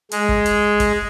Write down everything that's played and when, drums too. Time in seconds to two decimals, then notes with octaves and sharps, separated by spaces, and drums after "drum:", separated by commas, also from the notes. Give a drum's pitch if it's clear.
0.11 G#3, drum: hi-hat
0.29 drum: kick G1
0.46 drum: hi-hat
0.80 drum: kick G1, hi-hat